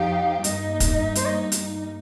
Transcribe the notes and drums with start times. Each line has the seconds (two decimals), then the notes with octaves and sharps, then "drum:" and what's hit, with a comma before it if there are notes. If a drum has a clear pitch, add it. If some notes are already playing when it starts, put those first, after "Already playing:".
Already playing: F2 F3 D#4 G4 F5
0.44 G2 G3 A#3 D#4 D#5, drum: hi-hat
0.80 drum: kick, hi-hat
1.15 C5, drum: hi-hat
1.25 D#5
1.52 drum: hi-hat